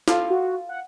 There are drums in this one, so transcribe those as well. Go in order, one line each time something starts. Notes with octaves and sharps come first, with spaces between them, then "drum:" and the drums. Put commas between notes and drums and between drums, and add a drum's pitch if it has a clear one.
F4 A4 F5, drum: snare
F#4
F#5